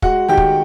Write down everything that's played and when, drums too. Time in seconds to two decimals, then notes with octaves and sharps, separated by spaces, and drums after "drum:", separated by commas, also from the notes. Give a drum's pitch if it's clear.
0.02 G#3 F#4 F#5, drum: kick
0.28 D#3 G4 G5
0.37 drum: kick